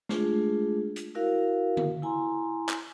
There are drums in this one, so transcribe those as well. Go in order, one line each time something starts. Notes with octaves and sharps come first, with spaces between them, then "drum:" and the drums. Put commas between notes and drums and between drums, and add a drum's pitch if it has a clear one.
G#3 A3 D4 F4 G#4, drum: snare
drum: hi-hat
E4 F#4 A#4 F5
drum: tom D3
E4 G#5 A#5 C6
drum: clap